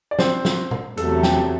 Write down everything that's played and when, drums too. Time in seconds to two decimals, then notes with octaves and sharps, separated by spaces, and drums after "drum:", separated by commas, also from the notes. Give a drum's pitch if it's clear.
0.11 D5
0.19 C4 C5, drum: snare
0.45 drum: snare
0.71 drum: tom A#2
0.97 E2 C3 F#3 A3 A4, drum: hi-hat
1.23 G4 G5, drum: snare